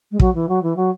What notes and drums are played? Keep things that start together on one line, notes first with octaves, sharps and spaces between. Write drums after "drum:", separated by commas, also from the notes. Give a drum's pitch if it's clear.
G#3
F#3, drum: kick
E3
F#3
E3
F#3